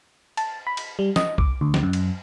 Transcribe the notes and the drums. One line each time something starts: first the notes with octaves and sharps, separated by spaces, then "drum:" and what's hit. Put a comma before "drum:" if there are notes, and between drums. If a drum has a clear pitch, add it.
A5, drum: cymbal
B5
drum: cymbal
G3
D#5, drum: snare
D6, drum: kick C2
D2
drum: snare
F#2
drum: cymbal